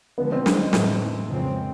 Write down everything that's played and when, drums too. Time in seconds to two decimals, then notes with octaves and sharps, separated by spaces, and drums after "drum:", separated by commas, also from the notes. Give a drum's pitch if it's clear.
0.18 D3 F3 G#3 B3
0.32 C4
0.46 D4, drum: snare
0.60 D#4
0.73 A2 E3 A3, drum: snare
1.28 F2 C#3 F3 G#3 C4